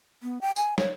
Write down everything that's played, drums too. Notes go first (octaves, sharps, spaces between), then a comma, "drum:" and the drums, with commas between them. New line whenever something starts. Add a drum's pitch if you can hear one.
B3
G5
G#5, drum: tambourine
C#5, drum: snare